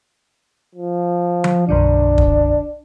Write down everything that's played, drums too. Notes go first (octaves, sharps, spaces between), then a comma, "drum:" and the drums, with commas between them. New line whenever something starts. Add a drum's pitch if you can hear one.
F3
drum: tom F3
B1 F#2 D3 D4
drum: kick